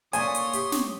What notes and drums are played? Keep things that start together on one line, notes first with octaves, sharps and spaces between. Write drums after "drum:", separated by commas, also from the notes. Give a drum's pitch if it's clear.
A#2 A3 C#5 G#5 C6 D#6, drum: hi-hat
drum: hi-hat
G4, drum: hi-hat
drum: snare